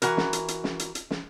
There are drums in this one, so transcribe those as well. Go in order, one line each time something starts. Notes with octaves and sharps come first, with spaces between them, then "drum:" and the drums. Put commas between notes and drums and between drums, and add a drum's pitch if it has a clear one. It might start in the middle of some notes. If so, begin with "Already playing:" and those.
E3 F#4 A#4, drum: hi-hat
drum: snare
drum: hi-hat
drum: hi-hat
drum: snare
drum: hi-hat
drum: hi-hat
drum: snare